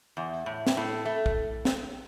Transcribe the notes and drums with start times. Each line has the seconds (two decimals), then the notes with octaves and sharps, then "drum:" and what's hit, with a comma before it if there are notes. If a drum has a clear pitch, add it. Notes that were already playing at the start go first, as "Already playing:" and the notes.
0.17 E2
0.46 A2
0.67 drum: snare
0.77 A2
1.05 A3
1.26 drum: kick
1.65 drum: snare